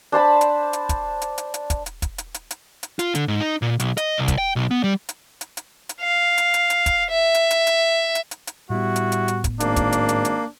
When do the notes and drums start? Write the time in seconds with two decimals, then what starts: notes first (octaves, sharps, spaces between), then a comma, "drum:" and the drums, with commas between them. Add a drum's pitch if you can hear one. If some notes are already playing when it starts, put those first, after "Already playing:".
0.12 D4 C5 A5 B5
0.41 drum: hi-hat
0.73 drum: hi-hat
0.89 drum: kick, hi-hat
1.22 drum: hi-hat
1.38 drum: hi-hat
1.54 drum: hi-hat
1.70 drum: kick, hi-hat
1.86 drum: hi-hat
2.02 drum: kick, hi-hat
2.18 drum: hi-hat
2.34 drum: hi-hat
2.51 drum: hi-hat
2.83 drum: hi-hat
2.99 F4, drum: hi-hat
3.15 D3, drum: hi-hat
3.28 G#2
3.41 D#4
3.62 A#2
3.80 B1, drum: hi-hat
3.97 D#5, drum: hi-hat
4.18 C2
4.28 drum: kick, hi-hat
4.38 G5
4.56 B1
4.71 B3
4.84 G3
5.09 drum: hi-hat
5.41 drum: hi-hat
5.57 drum: hi-hat
5.89 drum: hi-hat
6.01 F5
6.38 drum: hi-hat
6.54 drum: hi-hat
6.70 drum: hi-hat
6.86 drum: kick, hi-hat
7.11 E5
7.34 drum: hi-hat
7.51 drum: hi-hat
7.67 drum: hi-hat
8.15 drum: hi-hat
8.31 drum: hi-hat
8.47 drum: hi-hat
8.70 A2 G3 B3 E4 F#4
8.96 drum: hi-hat
9.12 drum: hi-hat
9.28 drum: hi-hat
9.44 drum: kick, hi-hat
9.60 G#1 A#3 D4, drum: hi-hat
9.76 drum: kick, hi-hat
9.92 drum: hi-hat
10.09 drum: hi-hat
10.25 drum: hi-hat